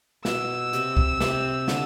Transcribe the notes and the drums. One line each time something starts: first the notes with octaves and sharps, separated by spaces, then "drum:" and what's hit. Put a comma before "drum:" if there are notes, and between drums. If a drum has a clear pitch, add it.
B2 E6, drum: snare
C3, drum: hi-hat
drum: kick
C3, drum: snare
D3, drum: snare